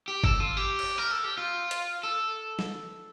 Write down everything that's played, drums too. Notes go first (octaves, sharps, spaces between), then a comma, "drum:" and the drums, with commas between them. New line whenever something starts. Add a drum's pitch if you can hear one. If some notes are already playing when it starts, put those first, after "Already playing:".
G4
A4, drum: kick G1
F4
G4
drum: cymbal
A#4
A4
G4
F4
drum: hi-hat
A4
drum: snare